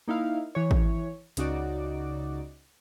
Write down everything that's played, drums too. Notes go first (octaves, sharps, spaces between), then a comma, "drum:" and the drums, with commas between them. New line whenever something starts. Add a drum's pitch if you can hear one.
A#3 D#4 E4 F5
E3 C#5
drum: kick
C#2 C#3 D#4 F#4 D5 D6, drum: hi-hat